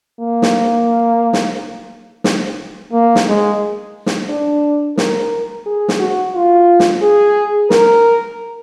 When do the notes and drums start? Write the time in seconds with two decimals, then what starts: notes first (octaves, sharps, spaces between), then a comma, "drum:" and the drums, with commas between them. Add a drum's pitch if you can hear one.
0.20 A#3
0.42 drum: snare
1.33 drum: snare
2.24 drum: snare
2.92 A#3
3.15 drum: snare
3.27 G#3
4.06 drum: snare
4.29 D4
4.97 A#4, drum: snare
5.66 G#4
5.88 drum: snare
6.00 F#4
6.35 F4
6.80 drum: snare
7.02 G#4
7.70 A#4, drum: snare